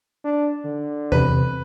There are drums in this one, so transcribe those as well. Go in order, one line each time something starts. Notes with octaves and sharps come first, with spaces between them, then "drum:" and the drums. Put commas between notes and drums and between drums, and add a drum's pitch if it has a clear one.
D4
D3
E2 C3 B4, drum: tom E2